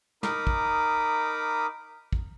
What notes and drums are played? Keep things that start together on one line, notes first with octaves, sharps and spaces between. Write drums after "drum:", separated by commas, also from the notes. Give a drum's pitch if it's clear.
D#4 A#4 B5 D6 D#6, drum: snare
drum: kick
drum: kick